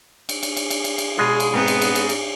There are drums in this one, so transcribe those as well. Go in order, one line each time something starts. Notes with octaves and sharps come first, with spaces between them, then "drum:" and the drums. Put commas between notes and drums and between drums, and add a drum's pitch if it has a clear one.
drum: cymbal
drum: cymbal
drum: cymbal
drum: cymbal
drum: cymbal
drum: cymbal
B2 G#3 F4 G#4
drum: cymbal
G#2 B3 C4 D#4
drum: cymbal
drum: cymbal
drum: cymbal
drum: cymbal